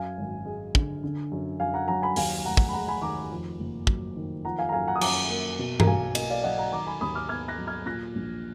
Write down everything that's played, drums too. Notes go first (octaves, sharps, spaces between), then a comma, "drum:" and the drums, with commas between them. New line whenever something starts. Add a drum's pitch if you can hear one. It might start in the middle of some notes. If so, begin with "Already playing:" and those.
Already playing: F#2 F5 G#5
G#1
G#3
D3, drum: kick
D3
F#2
F#2 F5 G#5
F#5 A#5
F#3 F#5 A#5
G#5 B5
D#2 F5 G#5, drum: open hi-hat
G#5
F1 F#5 A#5
drum: kick
B5
G#3 F#5 A#5
G#5 B5
D#3 A#5 D6
F2
F#1
F#3, drum: kick
D#3
F3 F#5 A#5
F5 G#5
A#5
F#2 F5 G#5
F#5 A#5
D#6
F#2 A#5 D6, drum: cymbal
A#3
B2
A#5, drum: tom G2
B1 F5 G#5
A#3 D#5, drum: cymbal
D5 F5
F#3 D#5 F#5
F#5 A#5
D#3 A#5 D6
G#5 B5
D#2 B5 D#6
D6 F6
B3 F6 G#6
F#6 A#6
F#3
F6 G#6
A#2 F#6 A#6
A#1